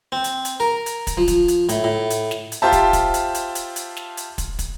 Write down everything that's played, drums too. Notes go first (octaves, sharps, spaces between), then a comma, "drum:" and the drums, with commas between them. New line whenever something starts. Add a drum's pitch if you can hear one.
C4
drum: hi-hat
drum: hi-hat
A#4
drum: hi-hat
drum: kick, hi-hat
F3
drum: kick, hi-hat
drum: hi-hat
A2, drum: hi-hat
A2
drum: hi-hat
drum: snare
drum: hi-hat
F4 G4 C5 E5 A5
drum: kick, hi-hat
drum: kick, hi-hat
drum: hi-hat
drum: hi-hat
drum: hi-hat
drum: hi-hat
drum: snare
drum: hi-hat
drum: kick, hi-hat
drum: kick, hi-hat